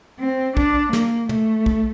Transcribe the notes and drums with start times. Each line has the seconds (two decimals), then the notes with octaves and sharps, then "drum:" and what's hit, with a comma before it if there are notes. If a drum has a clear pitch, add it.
0.19 C4
0.57 D4, drum: kick
0.93 A#3, drum: snare
1.29 A3, drum: tom
1.66 drum: kick